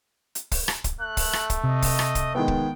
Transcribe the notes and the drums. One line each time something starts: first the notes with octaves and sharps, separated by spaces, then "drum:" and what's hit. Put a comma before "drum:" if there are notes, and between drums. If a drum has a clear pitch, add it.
drum: hi-hat
drum: kick, open hi-hat
drum: rim click
drum: kick, hi-hat
A3 F#6
drum: kick, open hi-hat
drum: rim click
drum: kick, hi-hat
C3 D#5
drum: kick, open hi-hat
drum: rim click
drum: kick, hi-hat
D#3 G#3 B3 G5
drum: kick